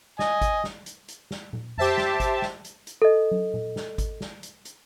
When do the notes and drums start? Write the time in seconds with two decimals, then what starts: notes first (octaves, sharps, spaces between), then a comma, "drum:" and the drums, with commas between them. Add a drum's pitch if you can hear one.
0.19 D#5 G#5, drum: snare
0.41 drum: kick G#1, hi-hat
0.64 drum: snare
0.86 drum: hi-hat
1.08 drum: hi-hat
1.31 drum: snare
1.53 drum: tom A#2
1.78 G4 C5 E5 A5, drum: tom F2
1.98 drum: snare
2.20 drum: kick G#1, hi-hat
2.42 drum: snare
2.64 drum: hi-hat
2.87 drum: hi-hat
3.02 A4 D#5
3.31 drum: tom
3.54 drum: tom A#2
3.76 drum: snare
3.98 drum: kick G#1, hi-hat
4.21 drum: snare
4.43 drum: hi-hat
4.65 drum: hi-hat